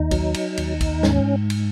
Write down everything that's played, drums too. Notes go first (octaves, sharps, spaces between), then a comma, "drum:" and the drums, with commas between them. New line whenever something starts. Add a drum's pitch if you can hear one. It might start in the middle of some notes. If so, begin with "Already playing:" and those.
Already playing: D#2 D#4
F#3, drum: kick, cymbal
drum: cymbal
D#2, drum: cymbal
drum: kick, cymbal
G#2 C#4, drum: snare
drum: cymbal